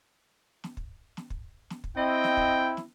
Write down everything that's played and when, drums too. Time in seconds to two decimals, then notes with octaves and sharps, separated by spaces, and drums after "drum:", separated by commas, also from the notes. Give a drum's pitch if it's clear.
0.64 drum: snare
0.77 drum: kick
1.17 drum: snare
1.30 drum: kick
1.70 drum: snare
1.84 drum: kick
1.97 C4 E4 D#5 G5
2.24 drum: snare
2.37 drum: kick
2.77 drum: snare